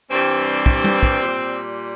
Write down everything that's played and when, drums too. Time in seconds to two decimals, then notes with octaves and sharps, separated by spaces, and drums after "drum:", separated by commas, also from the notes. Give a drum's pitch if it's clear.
0.11 G2 E3 G3 C4
0.66 drum: kick
0.84 drum: tom G3
1.03 drum: kick
1.22 A#2 G3